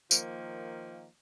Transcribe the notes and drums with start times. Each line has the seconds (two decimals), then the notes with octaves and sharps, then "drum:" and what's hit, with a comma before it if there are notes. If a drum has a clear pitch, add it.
0.11 D#3 F3 A#3, drum: tambourine